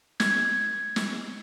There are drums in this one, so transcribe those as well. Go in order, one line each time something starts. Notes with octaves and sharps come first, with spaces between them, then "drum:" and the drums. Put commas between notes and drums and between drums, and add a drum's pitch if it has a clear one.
G#6, drum: snare
drum: snare